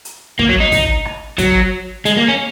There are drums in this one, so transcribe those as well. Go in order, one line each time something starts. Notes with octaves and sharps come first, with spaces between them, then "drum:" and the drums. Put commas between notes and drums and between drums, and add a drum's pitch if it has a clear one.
drum: hi-hat
A#3, drum: kick
F#3
D#4
drum: kick, open hi-hat
drum: rim click
F#3, drum: kick, hi-hat
G#3, drum: hi-hat
A#3
C#4